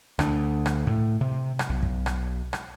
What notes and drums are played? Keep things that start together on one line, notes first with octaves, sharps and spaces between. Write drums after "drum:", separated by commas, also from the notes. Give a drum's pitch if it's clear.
D2 D4, drum: rim click
drum: rim click
A2, drum: kick
C3
drum: rim click
B1
drum: kick
drum: rim click
drum: rim click